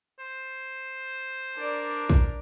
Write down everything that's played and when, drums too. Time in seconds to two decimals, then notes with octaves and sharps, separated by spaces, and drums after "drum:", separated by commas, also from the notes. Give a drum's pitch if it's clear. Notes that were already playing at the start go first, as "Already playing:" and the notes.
0.19 C5
1.55 D4 A#4 D5
2.10 drum: kick